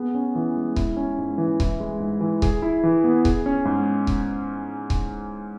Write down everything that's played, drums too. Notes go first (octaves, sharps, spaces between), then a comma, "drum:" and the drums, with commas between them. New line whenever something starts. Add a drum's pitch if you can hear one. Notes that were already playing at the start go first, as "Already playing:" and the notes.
Already playing: B3 G#4
C#4
E3
G#3
E4, drum: kick C#1
C#4
G#2
E3
E4, drum: kick C#1
G#3
G#2
E3
G#4, drum: kick C#1
E4
E3
B3
G#4, drum: kick C#1
C#4
G#2
drum: kick C#1
drum: kick C#1